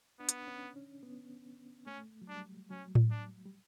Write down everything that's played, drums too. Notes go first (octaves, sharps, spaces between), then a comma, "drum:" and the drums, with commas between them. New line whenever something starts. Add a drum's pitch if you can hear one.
B3 D4
drum: hi-hat
C#4
C#4
B3
A3 C#4
F#3
G3 D4
F#3 C#4
drum: tom A2
D4
G3